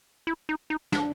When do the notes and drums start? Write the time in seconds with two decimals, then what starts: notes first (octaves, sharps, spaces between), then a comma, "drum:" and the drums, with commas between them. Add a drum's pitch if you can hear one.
0.27 E4
0.49 D#4
0.70 D#4
0.92 D4, drum: snare